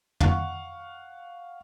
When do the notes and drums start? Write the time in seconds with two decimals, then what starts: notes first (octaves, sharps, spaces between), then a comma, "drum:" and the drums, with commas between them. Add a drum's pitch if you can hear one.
0.20 F5 F#5 C#6, drum: tom